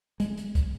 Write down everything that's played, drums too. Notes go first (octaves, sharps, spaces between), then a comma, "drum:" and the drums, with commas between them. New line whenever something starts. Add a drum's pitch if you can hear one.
G#3, drum: hi-hat
drum: hi-hat
drum: kick, hi-hat